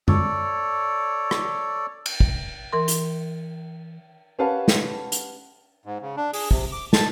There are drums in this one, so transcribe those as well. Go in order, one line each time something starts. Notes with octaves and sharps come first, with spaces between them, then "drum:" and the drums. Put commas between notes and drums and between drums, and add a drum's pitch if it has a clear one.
A4 C#5 D5, drum: tom F#2
drum: rim click
drum: cymbal
drum: kick
E3 A#4 C6
drum: hi-hat
C#4 G4 B4 F5 F#5 A5
drum: snare
drum: hi-hat
G#2
C#3
D4
G#4, drum: open hi-hat
C3, drum: kick
D6
A5, drum: snare